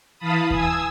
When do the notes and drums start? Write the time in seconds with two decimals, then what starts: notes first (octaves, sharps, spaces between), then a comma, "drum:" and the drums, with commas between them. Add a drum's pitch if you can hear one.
0.18 E3 F5 A5 B5 D#6
0.51 G#5 D#6 E6, drum: kick D#2